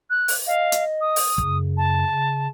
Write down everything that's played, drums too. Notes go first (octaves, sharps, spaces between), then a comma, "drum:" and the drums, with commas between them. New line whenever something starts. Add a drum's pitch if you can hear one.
F#6
drum: open hi-hat
D#5 F5
drum: hi-hat
D#6
drum: open hi-hat
F#2 C#3, drum: kick
A5
C#3